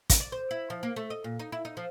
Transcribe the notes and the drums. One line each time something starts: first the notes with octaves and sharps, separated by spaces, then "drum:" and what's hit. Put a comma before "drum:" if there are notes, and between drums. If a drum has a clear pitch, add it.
drum: kick, hi-hat
D5
C5
E4
F3
A#3
A3
D#5
A#2
D#4
E4
D#4
F3